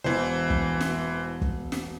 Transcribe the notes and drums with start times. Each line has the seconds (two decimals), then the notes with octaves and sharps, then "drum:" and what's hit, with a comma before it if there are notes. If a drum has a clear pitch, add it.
0.04 E1 E3 C5
0.50 drum: kick
0.81 drum: snare
1.41 drum: kick
1.72 drum: snare